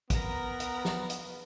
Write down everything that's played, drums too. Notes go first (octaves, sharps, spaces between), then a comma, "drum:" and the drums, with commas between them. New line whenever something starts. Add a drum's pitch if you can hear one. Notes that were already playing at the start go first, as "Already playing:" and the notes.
B3 A#4 A#5 B5, drum: kick, hi-hat
drum: hi-hat
drum: snare
drum: hi-hat